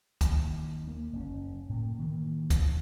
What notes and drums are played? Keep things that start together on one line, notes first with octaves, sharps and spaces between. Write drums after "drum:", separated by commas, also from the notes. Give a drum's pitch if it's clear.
D#2, drum: kick, hi-hat
A#3
F#1 C#4
A2 A#3
D#3 E3 A#3
drum: kick, hi-hat